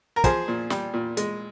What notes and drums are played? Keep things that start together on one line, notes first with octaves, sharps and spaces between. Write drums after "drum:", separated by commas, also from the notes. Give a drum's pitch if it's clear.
A#4
F3 G#4 C5, drum: kick, hi-hat
A#2
G3, drum: snare
A#2
G#3, drum: hi-hat